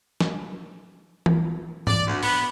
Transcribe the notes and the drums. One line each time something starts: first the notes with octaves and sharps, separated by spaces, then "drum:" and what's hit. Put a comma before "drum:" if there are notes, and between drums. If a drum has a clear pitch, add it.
drum: snare
drum: tom E3
D5, drum: tom
D2
B3, drum: open hi-hat